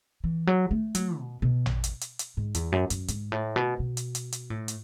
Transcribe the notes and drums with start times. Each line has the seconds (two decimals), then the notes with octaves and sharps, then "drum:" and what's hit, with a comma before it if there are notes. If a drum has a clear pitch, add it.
0.24 E3
0.47 F#3
0.71 A3
0.95 F#3, drum: hi-hat
1.19 B2
1.42 B2
1.66 drum: tom A1
1.84 drum: hi-hat
2.01 drum: hi-hat
2.19 drum: hi-hat
2.37 G#2
2.55 E2, drum: hi-hat
2.72 F#2
2.90 F#2, drum: hi-hat
3.08 G#2, drum: hi-hat
3.32 A2
3.56 B2
3.79 B2
3.97 drum: hi-hat
4.15 drum: hi-hat
4.32 drum: hi-hat
4.50 A2
4.68 drum: hi-hat